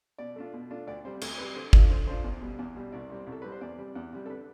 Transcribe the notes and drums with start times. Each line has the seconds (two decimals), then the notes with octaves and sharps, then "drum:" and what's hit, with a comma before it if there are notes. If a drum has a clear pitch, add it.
0.18 B2 D5
0.36 A3 D4 F4
0.53 B2
0.70 A3 D4 F4
0.87 D2 D5
1.04 C3 G3 C5
1.21 D2 A4, drum: cymbal
1.38 C3 G3 B4
1.56 D3 C5
1.73 A3 D4 F4 D5, drum: kick
1.90 D3 C5
2.07 A3 D4 F4 C5
2.24 E2
2.41 B2 G3
2.59 E2
2.76 B2 G3
2.92 C2 D5
3.10 C3 G3 C4
3.27 C2
3.32 A4
3.42 C3 G3 C4 B4
3.52 C5
3.61 E2 D5
3.78 C3 G3
3.95 E2
4.13 C3 G3
4.26 A4
4.29 D3 B4